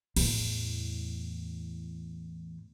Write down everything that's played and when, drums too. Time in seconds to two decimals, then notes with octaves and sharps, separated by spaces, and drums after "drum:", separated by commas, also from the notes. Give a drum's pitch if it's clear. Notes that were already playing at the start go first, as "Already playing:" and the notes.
0.16 E2 A2, drum: cymbal